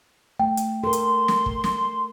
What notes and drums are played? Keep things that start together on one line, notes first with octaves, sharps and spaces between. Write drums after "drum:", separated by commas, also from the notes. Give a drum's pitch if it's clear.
A3 G5
drum: hi-hat
A4 A#4 C6
drum: hi-hat
drum: snare
drum: kick
drum: snare